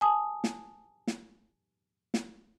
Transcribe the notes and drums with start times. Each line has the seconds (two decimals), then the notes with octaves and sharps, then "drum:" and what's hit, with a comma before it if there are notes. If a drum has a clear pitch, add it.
0.01 G#5 A5 D#6
0.44 drum: snare
1.07 drum: snare
2.14 drum: snare